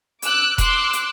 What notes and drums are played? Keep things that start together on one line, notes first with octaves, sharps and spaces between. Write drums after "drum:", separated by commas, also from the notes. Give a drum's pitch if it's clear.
D6 E6 F#6, drum: hi-hat
C6 D6 E6 F#6, drum: kick E1, hi-hat
drum: hi-hat